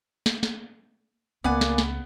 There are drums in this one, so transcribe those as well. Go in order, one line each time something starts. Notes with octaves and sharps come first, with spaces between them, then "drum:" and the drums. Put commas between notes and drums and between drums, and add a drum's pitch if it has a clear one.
drum: snare
drum: snare
C#2 A#3 B3 D5 F#5 G#5
drum: snare
drum: snare